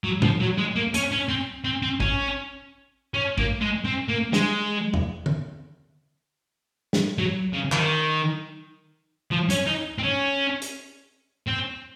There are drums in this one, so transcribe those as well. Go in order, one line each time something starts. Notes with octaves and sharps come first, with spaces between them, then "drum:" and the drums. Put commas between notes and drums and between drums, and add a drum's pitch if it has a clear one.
F#3
F3, drum: tom A#2
F#3
G#3
A#3
C#4, drum: hi-hat
C#4
C4
C4
C4
C#4, drum: kick A1
C#4
A#3, drum: kick A1
G#3
C4
A#3
G#3, drum: snare
drum: tom E2
drum: tom
drum: snare
F#3
C#3
D#3, drum: clap
F3
C#4, drum: hi-hat
D#4
C4
C#4
drum: hi-hat
C4